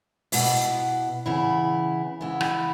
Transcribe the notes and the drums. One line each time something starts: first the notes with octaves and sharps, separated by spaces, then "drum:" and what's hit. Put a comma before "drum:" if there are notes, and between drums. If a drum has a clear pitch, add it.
B2 B3 E4, drum: open hi-hat
C#3 E3 B3 E4
C#3 E3 B3 E4
drum: rim click